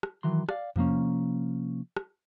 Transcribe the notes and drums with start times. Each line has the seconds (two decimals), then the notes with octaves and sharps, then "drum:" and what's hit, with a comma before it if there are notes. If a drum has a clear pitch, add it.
0.03 drum: rim click
0.23 D#3 E3 F#3 C6
0.49 D5 F5, drum: rim click
0.76 C3 F3 A#3 C#4, drum: tom E2
1.97 drum: rim click